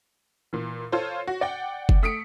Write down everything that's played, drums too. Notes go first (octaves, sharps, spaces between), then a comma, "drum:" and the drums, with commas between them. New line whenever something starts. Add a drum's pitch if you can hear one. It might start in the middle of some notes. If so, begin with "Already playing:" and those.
A#2 E3
F4 A4 C5 C#5
F#4
D5 F#5 G5
drum: kick F#1
A3 D#6 B6 C#7 D7